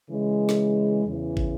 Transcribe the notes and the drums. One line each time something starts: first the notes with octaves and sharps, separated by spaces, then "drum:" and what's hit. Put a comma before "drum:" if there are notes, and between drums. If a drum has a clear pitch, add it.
C#3 E3 G#3
drum: snare
E2 C#3 E3
drum: kick